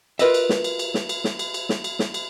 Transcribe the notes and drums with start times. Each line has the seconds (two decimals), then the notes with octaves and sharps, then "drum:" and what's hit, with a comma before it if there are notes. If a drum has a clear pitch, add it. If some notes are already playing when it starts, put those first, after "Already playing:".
0.19 F4 A#4 B4 D#5 E5, drum: cymbal
0.34 drum: cymbal
0.49 drum: snare
0.64 drum: cymbal
0.79 drum: cymbal
0.94 drum: snare
1.09 drum: cymbal
1.24 drum: snare
1.39 drum: cymbal
1.54 drum: cymbal
1.69 drum: snare
1.84 drum: cymbal
1.99 drum: snare
2.14 drum: cymbal